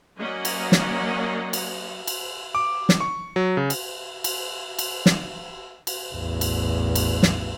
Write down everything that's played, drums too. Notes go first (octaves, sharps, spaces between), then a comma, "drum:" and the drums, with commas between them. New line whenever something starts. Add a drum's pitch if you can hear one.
F#3 A#3 C#4 D5 D#5 F#5
drum: cymbal
drum: snare
drum: cymbal
drum: cymbal
D6
drum: snare
C#6
F#3
C#3
drum: cymbal
drum: cymbal
drum: cymbal
drum: snare
drum: cymbal
A1 E2
drum: cymbal
drum: cymbal
drum: snare